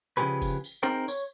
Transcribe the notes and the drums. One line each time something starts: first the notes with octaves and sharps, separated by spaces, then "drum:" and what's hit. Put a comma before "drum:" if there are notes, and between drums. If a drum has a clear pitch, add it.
C#3 F3 G3 G4 G#4 B4
drum: kick F1, tambourine
drum: tambourine
C4 D#4 G#4 A#4 C5 G5
C#5, drum: tambourine